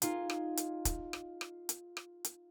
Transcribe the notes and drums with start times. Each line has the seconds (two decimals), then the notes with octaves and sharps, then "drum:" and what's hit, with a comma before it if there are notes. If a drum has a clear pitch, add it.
0.02 D#4 F4 G#4, drum: hi-hat
0.30 drum: rim click
0.57 drum: hi-hat
0.85 drum: kick, hi-hat
1.13 drum: rim click
1.41 drum: rim click
1.69 drum: hi-hat
1.97 drum: rim click
2.24 drum: hi-hat